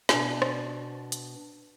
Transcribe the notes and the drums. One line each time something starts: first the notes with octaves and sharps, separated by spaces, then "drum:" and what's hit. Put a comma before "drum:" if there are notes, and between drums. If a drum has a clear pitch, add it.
B2 D4 D5 G#5, drum: snare
drum: rim click
drum: hi-hat